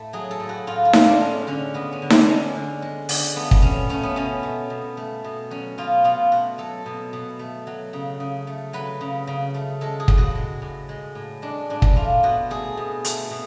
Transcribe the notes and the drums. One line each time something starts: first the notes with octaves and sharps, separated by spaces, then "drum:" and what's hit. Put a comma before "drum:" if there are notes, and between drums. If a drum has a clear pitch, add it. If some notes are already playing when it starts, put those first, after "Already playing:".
Already playing: A2 A3
F#3 G#4
A4
A2
F#4
A2 F4
F4
A3, drum: snare D#4
D4
G#3 C#4
D3 C#4
G#3 B3
C#4
D3
D4, drum: snare D#4
G#3 C#4
D3
G#3
D3, drum: open hi-hat
A3 B3
drum: kick
B2 C#4
A3 C#4
B3
B2 C#4
A3
B2
A3
B2
F#3 C#4
B2 F4
B2 F4
A3 F#4
F#3 A4
B2
B2
A3
F#3
C#3
C#3
A3
F#3 B4
C#3
C#3
A3
G#3 A4
G#4
A2, drum: kick
F#4
G#3
A2
G#3
A2
G#3 D4
A2 D4
drum: kick
A3 F4
B2 F#4
A3 G#4
B2
A3, drum: hi-hat
B2